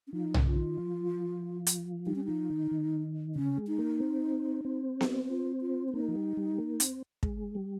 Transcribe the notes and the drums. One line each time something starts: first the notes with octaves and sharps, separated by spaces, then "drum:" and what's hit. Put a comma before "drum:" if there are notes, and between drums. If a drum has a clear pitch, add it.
C#4
F3 D#4
C#3, drum: tom B1
F4
D#3
F3
drum: hi-hat
G3 D#4
C#4
F3 D#4
D#3
D#3
C#3 C#4
G#3
D#4
A#3
C4
C4
drum: snare B3
F4
F4
C#4
A#3 D#4
F3
G3
G3
A#3
C4, drum: hi-hat
G#3, drum: kick
G3